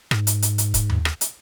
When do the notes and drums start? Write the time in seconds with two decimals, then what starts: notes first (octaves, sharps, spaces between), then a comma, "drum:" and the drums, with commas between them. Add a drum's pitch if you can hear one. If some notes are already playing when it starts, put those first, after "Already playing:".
0.11 G#2, drum: rim click
0.27 drum: hi-hat
0.42 drum: hi-hat
0.58 drum: hi-hat
0.74 drum: kick, hi-hat
0.90 drum: tom D#2
1.05 drum: rim click
1.21 drum: hi-hat